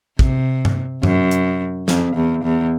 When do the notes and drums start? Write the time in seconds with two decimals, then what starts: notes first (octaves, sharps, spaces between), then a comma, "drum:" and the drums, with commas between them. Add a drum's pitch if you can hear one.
0.19 C3, drum: kick
0.65 drum: tom G2
1.03 F#2, drum: tom G2
1.31 drum: hi-hat
1.88 F2, drum: snare
2.16 E2
2.44 E2